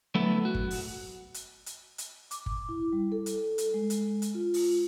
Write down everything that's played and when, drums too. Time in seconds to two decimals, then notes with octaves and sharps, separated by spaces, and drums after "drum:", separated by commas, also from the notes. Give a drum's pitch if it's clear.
0.15 D3 F#3 A3 B3 E4 A4
0.45 F#4
0.55 drum: kick
0.71 drum: open hi-hat
1.34 drum: hi-hat
1.66 drum: hi-hat
1.98 drum: hi-hat
2.31 D6, drum: hi-hat
2.46 drum: kick
2.69 E4
2.93 G3
3.12 A4
3.26 drum: hi-hat
3.58 drum: hi-hat
3.74 G#3
3.90 drum: hi-hat
4.22 drum: hi-hat
4.35 F4
4.54 drum: open hi-hat